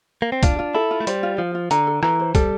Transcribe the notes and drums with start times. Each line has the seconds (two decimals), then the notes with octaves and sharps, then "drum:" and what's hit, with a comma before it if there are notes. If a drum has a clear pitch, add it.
0.22 A#3
0.32 C4
0.43 D4 F4, drum: kick, hi-hat
0.59 F4
0.75 E4 A4
0.91 F4
1.00 A3
1.07 G3 C5, drum: hi-hat
1.23 F4
1.38 F3 F4
1.55 F4
1.71 D3 A#5, drum: hi-hat
1.87 A4
2.03 E3 A#5, drum: rim click
2.20 C5
2.35 G3 A4, drum: kick, hi-hat